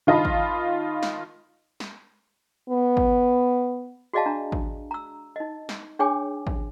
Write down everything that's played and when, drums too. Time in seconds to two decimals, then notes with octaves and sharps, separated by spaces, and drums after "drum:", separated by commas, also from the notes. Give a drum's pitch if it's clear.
0.07 D#3 F4 D#5 A5 B5
0.25 drum: kick
1.03 drum: snare
1.80 drum: snare
2.70 B3
2.97 drum: kick
4.13 F#4 G#4 D5 D#5 F5 A5
4.26 D4 A#5
4.52 drum: kick
4.91 A#5 E6
5.36 D#4 D#5
5.69 drum: snare
5.99 D4 G#4 C#5 G5 G#5 D6
6.47 drum: kick